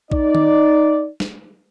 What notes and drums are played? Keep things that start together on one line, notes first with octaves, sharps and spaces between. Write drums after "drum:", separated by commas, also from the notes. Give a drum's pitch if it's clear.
D#4 D5, drum: kick A#1
drum: tom D#3
drum: snare